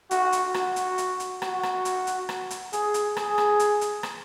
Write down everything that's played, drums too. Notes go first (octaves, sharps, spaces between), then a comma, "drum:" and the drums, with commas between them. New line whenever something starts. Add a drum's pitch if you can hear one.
F#4, drum: hi-hat
drum: hi-hat
F#4, drum: rim click
drum: hi-hat
drum: hi-hat
drum: hi-hat
F#4, drum: rim click
drum: rim click
drum: hi-hat
drum: hi-hat
drum: rim click
drum: hi-hat
G#4, drum: hi-hat
drum: hi-hat
G#4, drum: rim click
drum: rim click
drum: hi-hat
drum: hi-hat
drum: rim click